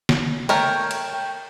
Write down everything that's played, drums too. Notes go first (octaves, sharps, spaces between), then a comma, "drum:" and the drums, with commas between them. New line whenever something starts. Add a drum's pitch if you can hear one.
drum: snare
A3 A#4 C#5 G5, drum: cymbal
drum: cymbal